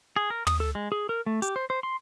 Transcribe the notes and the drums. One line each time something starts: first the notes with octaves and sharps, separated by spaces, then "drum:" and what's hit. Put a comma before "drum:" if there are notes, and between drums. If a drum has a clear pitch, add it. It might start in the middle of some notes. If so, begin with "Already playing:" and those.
G#4
A#4
D#6, drum: tom
A4
G#3
G#4
A#4
A3
G4, drum: hi-hat
C5
C5
C6